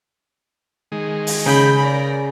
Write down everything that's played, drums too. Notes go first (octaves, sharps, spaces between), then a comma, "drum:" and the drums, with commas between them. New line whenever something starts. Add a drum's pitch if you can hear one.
D#3 G#3
drum: open hi-hat
C#3 G5 B5 G6
A#4 D5